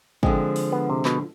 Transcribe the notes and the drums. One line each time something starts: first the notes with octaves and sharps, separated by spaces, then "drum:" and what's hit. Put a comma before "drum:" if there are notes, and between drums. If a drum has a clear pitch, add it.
D3 F3 G#3 C4, drum: kick
drum: open hi-hat
B3
C3
B2, drum: clap